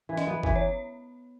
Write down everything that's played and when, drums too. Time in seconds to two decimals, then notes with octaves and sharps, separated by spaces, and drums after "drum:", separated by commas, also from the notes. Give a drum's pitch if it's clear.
0.09 E3
0.17 D#5, drum: snare
0.27 B3
0.43 E3, drum: kick G1
0.56 C#5